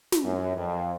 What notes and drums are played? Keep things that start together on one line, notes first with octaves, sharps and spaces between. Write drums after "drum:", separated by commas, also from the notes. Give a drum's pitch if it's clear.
drum: snare
F#2
F2